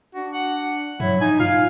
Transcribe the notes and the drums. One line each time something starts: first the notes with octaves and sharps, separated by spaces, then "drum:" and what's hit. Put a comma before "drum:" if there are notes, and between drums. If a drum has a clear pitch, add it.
D4 F#4
F#5
F#3 E4, drum: tom F#2
D#4 G#5
F4 F5, drum: tom F#2